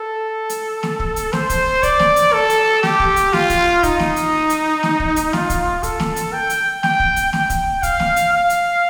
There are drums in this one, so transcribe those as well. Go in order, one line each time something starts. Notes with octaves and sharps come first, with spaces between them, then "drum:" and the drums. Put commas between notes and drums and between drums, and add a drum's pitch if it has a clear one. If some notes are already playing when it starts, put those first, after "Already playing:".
Already playing: A4
drum: hi-hat
drum: snare
drum: kick
drum: hi-hat
C5, drum: snare
drum: kick, hi-hat
D5, drum: kick, hi-hat
drum: snare
drum: hi-hat
A4
drum: hi-hat
G4, drum: snare
drum: kick
drum: hi-hat
F4, drum: snare
drum: kick, hi-hat
D#4, drum: kick, hi-hat
drum: snare
drum: hi-hat
drum: hi-hat
drum: snare
drum: kick
drum: hi-hat
F4, drum: snare
drum: kick, hi-hat
A4, drum: kick, hi-hat
drum: snare
drum: hi-hat
G5
drum: hi-hat
G5, drum: snare
drum: kick
drum: hi-hat
G5, drum: snare
drum: kick, hi-hat
F5, drum: kick, hi-hat
drum: snare
drum: hi-hat
F5
drum: hi-hat